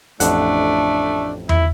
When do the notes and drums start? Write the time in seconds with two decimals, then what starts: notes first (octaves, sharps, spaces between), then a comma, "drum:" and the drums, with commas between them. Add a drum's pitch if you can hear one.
0.20 A1 F2 A3 D4 F#5, drum: hi-hat
1.49 E4, drum: tom E2